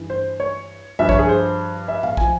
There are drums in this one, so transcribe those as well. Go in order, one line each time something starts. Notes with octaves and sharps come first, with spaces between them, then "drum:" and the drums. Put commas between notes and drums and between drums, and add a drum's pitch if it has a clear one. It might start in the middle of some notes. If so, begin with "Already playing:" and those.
Already playing: G2 E3
C5
C#5
G2 F3 E5
C#5, drum: kick
G#4
C5
E5
F5, drum: tom
F3 G#5, drum: kick